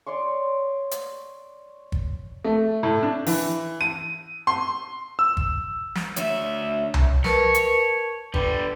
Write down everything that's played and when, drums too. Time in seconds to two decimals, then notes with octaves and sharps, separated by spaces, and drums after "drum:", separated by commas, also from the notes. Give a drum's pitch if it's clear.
0.07 C#5 D5 C6 C#6
0.91 drum: hi-hat
1.92 drum: kick
2.44 A3
2.83 A2
3.03 D4
3.26 E3, drum: open hi-hat
3.81 D#7
4.47 C6
5.19 E6
5.37 drum: kick
5.95 drum: snare
6.16 D2 C#5 E5, drum: hi-hat
6.94 drum: tom C2
7.24 A#4 B4 C#5 A5, drum: snare
7.54 drum: hi-hat
8.34 D3 G3 B4, drum: kick